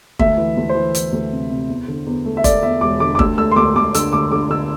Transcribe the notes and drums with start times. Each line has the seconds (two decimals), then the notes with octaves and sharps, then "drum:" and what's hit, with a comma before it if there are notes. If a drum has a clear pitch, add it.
0.19 D2 E5, drum: kick
0.37 E3
0.57 D2
0.69 C5
0.75 E3
0.95 E3, drum: hi-hat
1.12 D2
1.32 C3
1.50 C3
1.69 E2
1.88 D3
2.06 E2
2.25 A3
2.37 E5
2.44 A3 D5, drum: kick, hi-hat
2.63 E2 E5
2.81 E1 D6
3.00 D3 D6
3.15 D6
3.19 D2 E6, drum: kick
3.37 A3 E6
3.52 C6
3.56 D2 D6
3.76 D2 D6
3.94 D3 E6, drum: hi-hat
4.13 D2 D6
4.32 D3 D6
4.50 D3 E6